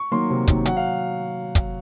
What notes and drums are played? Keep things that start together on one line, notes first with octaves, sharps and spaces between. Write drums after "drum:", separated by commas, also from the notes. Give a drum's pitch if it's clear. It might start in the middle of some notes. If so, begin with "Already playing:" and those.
Already playing: C#6
D#3 F#3 A#3 C6
C3
D#3 F#3 A#3, drum: kick, hi-hat
F#3 F#5, drum: hi-hat
F5
drum: kick, hi-hat